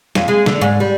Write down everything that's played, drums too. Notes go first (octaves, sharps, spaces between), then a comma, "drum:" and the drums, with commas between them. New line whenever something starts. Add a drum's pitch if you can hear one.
F2, drum: snare
G#3
D3, drum: snare
G#2
G3